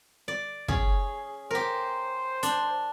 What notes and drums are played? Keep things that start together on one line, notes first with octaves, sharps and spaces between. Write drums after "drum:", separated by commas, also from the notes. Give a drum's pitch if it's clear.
D5
C#4 G#4, drum: kick
G4 A#4 C5
D4, drum: hi-hat